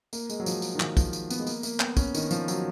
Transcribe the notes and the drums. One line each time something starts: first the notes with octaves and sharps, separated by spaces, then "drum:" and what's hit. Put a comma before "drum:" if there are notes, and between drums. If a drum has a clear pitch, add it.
A#3, drum: tambourine
G#3, drum: tambourine
F#3
F3, drum: tambourine
G#3, drum: tambourine
D#3
F3, drum: clap
F3, drum: kick, tambourine
drum: tambourine
B3, drum: tambourine
G#3
A#3, drum: tambourine
A#3, drum: tambourine
B3, drum: clap
C#4, drum: kick, tambourine
D#3, drum: tambourine
F3, drum: tambourine
F#3, drum: tambourine